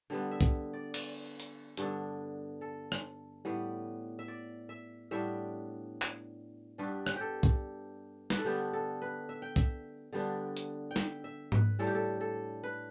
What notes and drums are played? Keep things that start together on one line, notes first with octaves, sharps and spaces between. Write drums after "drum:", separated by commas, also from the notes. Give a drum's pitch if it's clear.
D3 G3 B3
E5
drum: kick
D5
D5, drum: cymbal
drum: hi-hat
G2 D3 B3 D4, drum: hi-hat
A4
drum: rim click
A2 G3 B3
E5
D5
E5
A2 G3 B3 D4 E5
drum: clap
G2 G3 B3 D4 B4
drum: rim click
G4 A4
drum: kick
B4, drum: snare
A4
D3 G3 B3 D4 G4
A4
B4
E5
G5
E5, drum: kick
D3 G3 B3 D4
drum: hi-hat
G5
E5, drum: snare
E5
B4, drum: tom G#2
A2 G3 D4 A4
G4
A4
A4
B4